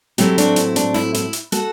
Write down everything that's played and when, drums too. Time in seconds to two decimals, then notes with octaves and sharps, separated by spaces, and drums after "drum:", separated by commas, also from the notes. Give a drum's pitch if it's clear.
0.18 A2 F#3 A3 C4 E4 G4, drum: hi-hat
0.38 D4 F#4, drum: hi-hat
0.56 E4, drum: hi-hat
0.76 D4, drum: hi-hat
0.94 E4, drum: snare
1.14 E4, drum: hi-hat
1.33 drum: hi-hat
1.52 F#4 A4, drum: hi-hat